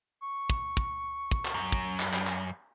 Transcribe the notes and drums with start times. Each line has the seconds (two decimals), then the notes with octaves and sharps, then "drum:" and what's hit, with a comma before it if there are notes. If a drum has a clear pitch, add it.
0.22 C#6
0.50 drum: kick
0.77 drum: kick
1.31 drum: kick
1.45 drum: clap
1.54 F#2
1.72 drum: kick
2.00 drum: clap
2.13 drum: clap
2.27 drum: clap